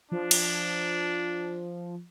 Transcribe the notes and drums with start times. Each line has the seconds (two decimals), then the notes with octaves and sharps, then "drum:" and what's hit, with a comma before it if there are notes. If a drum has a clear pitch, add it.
0.12 F3 D4
0.31 drum: cymbal